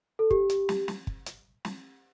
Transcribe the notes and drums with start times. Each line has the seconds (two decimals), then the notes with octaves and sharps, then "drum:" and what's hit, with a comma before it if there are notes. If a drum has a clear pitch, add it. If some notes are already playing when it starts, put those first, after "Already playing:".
0.19 A4
0.31 G4, drum: kick
0.50 drum: hi-hat
0.69 drum: snare
0.88 drum: snare
1.07 drum: kick
1.26 drum: hi-hat
1.65 drum: snare